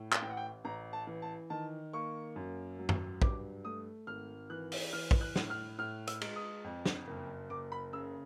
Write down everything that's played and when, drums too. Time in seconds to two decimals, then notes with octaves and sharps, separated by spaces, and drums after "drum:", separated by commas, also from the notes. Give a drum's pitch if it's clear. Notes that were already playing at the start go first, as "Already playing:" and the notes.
Already playing: A2
0.12 drum: clap
0.22 A1 G5
0.30 F#5
0.37 G5
0.65 A1 A#5
0.93 A5
1.07 E3
1.22 A5
1.50 D#3 A5
1.93 A#3 C#6
2.36 F#2
2.79 F#3
2.89 drum: tom
3.22 G2 D6, drum: kick
3.65 A3 D#6
4.07 G#1 F6
4.50 E3 F#6
4.72 drum: open hi-hat
4.93 E3 F6
5.11 drum: kick
5.21 F#6
5.36 A2, drum: snare
5.50 F6
5.78 A2 F6
6.07 E6, drum: hi-hat
6.21 G#3, drum: cymbal
6.36 D#6
6.64 F2
6.85 drum: snare
7.07 F#1
7.50 F#1 D6
7.72 B5
7.93 C#3 E6